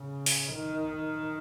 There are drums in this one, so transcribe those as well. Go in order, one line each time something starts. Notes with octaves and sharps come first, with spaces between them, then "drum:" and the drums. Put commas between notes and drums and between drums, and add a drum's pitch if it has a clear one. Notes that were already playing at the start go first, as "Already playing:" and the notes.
Already playing: C#3
drum: open hi-hat
D#3